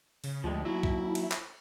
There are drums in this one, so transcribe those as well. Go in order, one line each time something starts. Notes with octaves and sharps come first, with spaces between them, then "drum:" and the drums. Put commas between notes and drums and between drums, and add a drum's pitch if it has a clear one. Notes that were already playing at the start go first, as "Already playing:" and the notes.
C#3, drum: open hi-hat
D2 F3 G3 G#3
D#2 F#3 E4
drum: kick
drum: cymbal
drum: clap